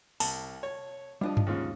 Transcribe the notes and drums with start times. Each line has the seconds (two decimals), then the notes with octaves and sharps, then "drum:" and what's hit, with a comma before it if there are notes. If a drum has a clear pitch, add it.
0.20 C2 A5, drum: open hi-hat
0.63 C#5
1.21 F3 G3 D4 F4 D#5
1.37 drum: tom G2
1.47 D#2 G#2 C#3 F4